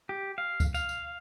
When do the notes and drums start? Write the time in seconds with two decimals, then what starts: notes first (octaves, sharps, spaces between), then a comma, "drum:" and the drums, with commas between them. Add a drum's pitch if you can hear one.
0.09 G4
0.38 F5
0.60 drum: kick C#2, tambourine
0.74 F5, drum: tambourine
0.89 drum: tambourine